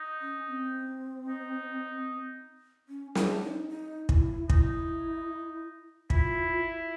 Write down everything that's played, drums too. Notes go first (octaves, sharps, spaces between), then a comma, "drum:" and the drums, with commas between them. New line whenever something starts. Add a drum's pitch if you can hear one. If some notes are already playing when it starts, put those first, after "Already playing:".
Already playing: D#4
C#4
C4
D#4
C#4
D4, drum: snare
D#4
D#4
E4, drum: kick
D#4 E4, drum: kick
E4 F4, drum: kick